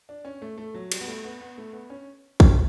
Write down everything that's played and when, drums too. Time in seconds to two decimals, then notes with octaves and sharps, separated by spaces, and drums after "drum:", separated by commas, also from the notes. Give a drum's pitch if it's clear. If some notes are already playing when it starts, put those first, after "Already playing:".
0.09 D4
0.25 C#4
0.42 A3
0.58 A3
0.74 F#3
0.92 G3, drum: cymbal
1.01 B3
1.08 A3
1.24 B3
1.41 B3
1.58 A3
1.73 B3
1.90 C#4
2.40 drum: kick A#1